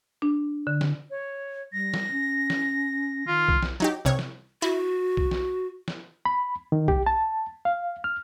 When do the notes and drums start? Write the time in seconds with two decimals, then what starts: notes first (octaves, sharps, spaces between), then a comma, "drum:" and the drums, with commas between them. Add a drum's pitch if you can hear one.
0.22 D4
0.67 D3
0.81 drum: snare
1.10 C#5
1.73 G3 A#6
1.94 drum: snare
2.11 C#4
2.50 drum: snare
3.28 D#3 F4
3.48 drum: kick B1
3.63 drum: snare
3.80 F#3 D#4 G4
4.05 C2 C3 C#5
4.19 drum: snare
4.62 E4 F#4
5.17 drum: kick B1
5.31 drum: snare
5.88 drum: snare
6.25 B5
6.72 D#3
6.88 G4, drum: kick B1
7.06 A5
7.65 F5
8.04 F6